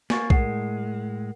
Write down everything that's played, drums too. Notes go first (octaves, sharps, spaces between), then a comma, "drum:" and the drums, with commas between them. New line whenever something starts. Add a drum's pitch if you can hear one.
A#3 G#5 C#6 A6, drum: snare
A2 G#3 A#4 F#5 C7, drum: kick B1